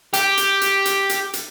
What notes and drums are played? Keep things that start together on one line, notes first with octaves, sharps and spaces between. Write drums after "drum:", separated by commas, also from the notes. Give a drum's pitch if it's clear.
G4, drum: hi-hat
drum: hi-hat
drum: hi-hat
drum: hi-hat
drum: hi-hat
drum: hi-hat